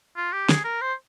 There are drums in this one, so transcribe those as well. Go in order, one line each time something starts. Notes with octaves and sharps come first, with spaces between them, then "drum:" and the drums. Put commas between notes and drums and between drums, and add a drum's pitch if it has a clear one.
F4
G4
G#4, drum: snare
A#4
C5